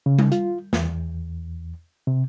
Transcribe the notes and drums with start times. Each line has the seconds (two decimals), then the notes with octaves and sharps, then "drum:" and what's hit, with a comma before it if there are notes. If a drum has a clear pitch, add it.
0.06 C#3
0.19 drum: tom G3
0.32 F4, drum: hi-hat
0.73 E2, drum: snare
2.07 C3